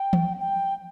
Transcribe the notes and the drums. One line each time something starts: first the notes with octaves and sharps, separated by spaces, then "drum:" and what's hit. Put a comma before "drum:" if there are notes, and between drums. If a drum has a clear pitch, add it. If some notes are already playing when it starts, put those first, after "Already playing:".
Already playing: G5
drum: tom
G5